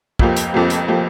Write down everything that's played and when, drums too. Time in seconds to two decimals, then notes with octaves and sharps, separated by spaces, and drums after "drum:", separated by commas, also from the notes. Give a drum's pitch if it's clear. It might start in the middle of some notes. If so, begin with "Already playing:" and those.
0.19 F1 F2 F3 A#3 G4, drum: kick
0.37 drum: hi-hat
0.54 F1 F2 F3 A#3 G4
0.70 drum: hi-hat
0.88 F3 A#3 G4